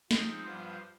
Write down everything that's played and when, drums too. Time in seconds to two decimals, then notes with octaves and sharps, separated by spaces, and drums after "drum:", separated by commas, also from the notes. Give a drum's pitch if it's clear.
0.11 F3 G#3 C4 D#4, drum: snare
0.44 G2 F3 B3 F4 C5